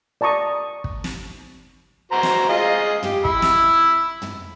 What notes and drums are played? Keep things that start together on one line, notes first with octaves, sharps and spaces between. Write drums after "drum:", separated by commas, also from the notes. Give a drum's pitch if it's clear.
D5 A5 A#5 C#6 D#6
drum: kick
drum: snare
F#4 C5 A#5
drum: snare
F4 G#4 D#5
G4, drum: tom
B5 E6, drum: kick
drum: snare
drum: tom